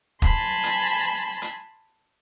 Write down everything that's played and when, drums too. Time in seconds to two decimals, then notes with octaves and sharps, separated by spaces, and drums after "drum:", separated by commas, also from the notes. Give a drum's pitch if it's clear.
0.22 G#5 A5 B5 C6, drum: kick
0.64 drum: hi-hat
1.42 drum: hi-hat